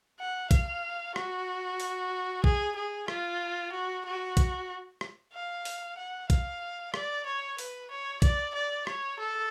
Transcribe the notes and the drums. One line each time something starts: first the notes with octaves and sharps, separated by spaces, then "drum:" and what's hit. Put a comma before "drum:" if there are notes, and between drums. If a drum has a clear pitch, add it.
F#5
F5, drum: kick B1, hi-hat
F#4, drum: rim click
drum: open hi-hat
G#4, drum: kick B1
G#4
F4, drum: rim click
F#4
F#4
drum: kick B1, hi-hat
drum: rim click
F5
drum: open hi-hat
F#5
F5, drum: kick B1, hi-hat
D5, drum: rim click
C#5
B4, drum: open hi-hat
C#5
D5, drum: kick B1, hi-hat
D5
C#5, drum: rim click
A4